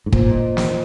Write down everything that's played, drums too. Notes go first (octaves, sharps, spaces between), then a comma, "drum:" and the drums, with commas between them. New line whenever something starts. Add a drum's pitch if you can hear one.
G#2
A#2 C5, drum: kick
D#5
drum: snare